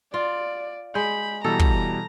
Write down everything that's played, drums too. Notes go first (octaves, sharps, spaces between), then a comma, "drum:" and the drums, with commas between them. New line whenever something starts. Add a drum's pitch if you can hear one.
F4 D5
G#3 B5 G6
B2 E3 G3 A4 A#5
drum: kick